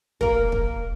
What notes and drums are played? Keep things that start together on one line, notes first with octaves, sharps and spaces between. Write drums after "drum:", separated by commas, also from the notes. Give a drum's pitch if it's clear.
A#3 A#4, drum: kick
drum: kick